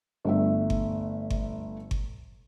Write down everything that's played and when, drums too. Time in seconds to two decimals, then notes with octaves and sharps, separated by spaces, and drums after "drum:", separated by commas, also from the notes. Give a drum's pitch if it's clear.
0.25 G1 A3 E5
0.70 drum: kick G1
1.30 drum: kick G1
1.91 drum: kick G1